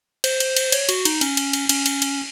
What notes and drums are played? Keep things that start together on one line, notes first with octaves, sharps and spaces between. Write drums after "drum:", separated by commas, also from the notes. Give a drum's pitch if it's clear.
C5, drum: cymbal
drum: cymbal
drum: cymbal
C#5, drum: cymbal
F#4, drum: cymbal
D#4, drum: cymbal
C#4, drum: cymbal
drum: cymbal
drum: cymbal
C#4, drum: cymbal
drum: cymbal
drum: cymbal